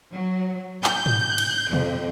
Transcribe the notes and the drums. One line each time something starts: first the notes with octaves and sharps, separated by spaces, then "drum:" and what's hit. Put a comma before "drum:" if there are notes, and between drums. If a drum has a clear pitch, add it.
F#3
G6, drum: clap
drum: tom G#2
drum: cymbal
F2, drum: tom B2